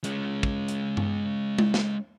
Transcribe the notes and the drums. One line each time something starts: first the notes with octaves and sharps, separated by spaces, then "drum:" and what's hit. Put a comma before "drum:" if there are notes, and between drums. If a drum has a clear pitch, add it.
G#3 C#4, drum: hi-hat
drum: kick
drum: hi-hat
drum: tom G2
drum: tom G#3
drum: snare